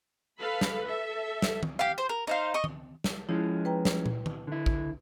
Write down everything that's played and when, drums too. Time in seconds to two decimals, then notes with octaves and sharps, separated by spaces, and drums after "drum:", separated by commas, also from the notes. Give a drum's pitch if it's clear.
0.39 A4 B4 F5 B5
0.61 drum: snare
0.86 A4 E5
1.42 drum: snare
1.63 drum: tom D#3
1.79 G4 F5
1.98 C5
2.09 A#4
2.27 D#4 C5 F5
2.54 D#5 C#6
2.64 drum: tom D#3
3.04 drum: snare
3.29 F3 G#3 C#4 E4
3.65 B4 G5 A#5
3.85 drum: snare
4.06 drum: tom
4.26 drum: tom D#3
4.47 D3 E4
4.66 drum: kick